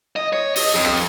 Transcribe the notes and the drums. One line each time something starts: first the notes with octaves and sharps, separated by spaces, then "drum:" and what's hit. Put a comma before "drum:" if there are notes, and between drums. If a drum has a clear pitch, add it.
D#5
C#5
D#5, drum: open hi-hat
F2
drum: rim click